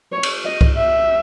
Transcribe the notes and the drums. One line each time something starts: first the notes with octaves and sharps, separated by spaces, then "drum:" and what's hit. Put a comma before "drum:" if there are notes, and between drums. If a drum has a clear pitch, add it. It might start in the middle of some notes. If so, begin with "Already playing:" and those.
C#5
drum: cymbal
D#5
drum: kick C2
E5